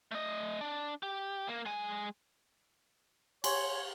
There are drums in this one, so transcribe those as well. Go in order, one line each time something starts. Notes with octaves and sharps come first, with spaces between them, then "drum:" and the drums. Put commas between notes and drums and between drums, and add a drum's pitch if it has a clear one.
A3 D#5
D4
G4
A#3
G#3 G#5
C#5 G#5 C6, drum: cymbal